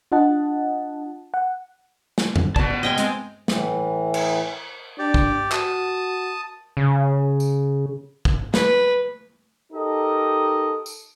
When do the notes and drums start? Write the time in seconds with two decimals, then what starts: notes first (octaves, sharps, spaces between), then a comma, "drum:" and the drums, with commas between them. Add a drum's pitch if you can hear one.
0.12 D4 F4 D#5 F#5 A5
1.34 F#5
2.18 drum: snare
2.36 drum: tom E2
2.56 B3 F#4 B4 D5 A5, drum: kick
2.70 G4 C5
2.83 A#2 F3 G3 D#5 G5 G#5
2.98 G#3 B3 C4, drum: hi-hat
3.48 A2 E3, drum: snare
4.14 drum: cymbal
4.99 D4 G4 D5
5.14 drum: kick
5.52 F#4 A5 D#6, drum: clap
6.77 C#3
7.40 drum: tambourine
8.25 drum: kick
8.54 B4, drum: snare
9.72 D#4 G4 A4 A#4 D#5
10.86 drum: tambourine